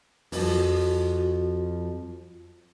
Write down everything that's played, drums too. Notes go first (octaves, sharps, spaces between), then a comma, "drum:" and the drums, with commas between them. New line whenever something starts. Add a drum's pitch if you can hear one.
F2 F3 F#4, drum: open hi-hat